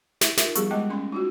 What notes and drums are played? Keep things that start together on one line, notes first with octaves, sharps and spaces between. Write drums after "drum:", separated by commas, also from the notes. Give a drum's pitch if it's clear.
E4 E5, drum: snare
D#4 F4 G4 A#4 E5, drum: snare
F3 G3 B3 G4 G#4 C#6, drum: hi-hat
G#3 B3 D#5 G5 D6
A3 C#4 C6
D#4 F4 F#4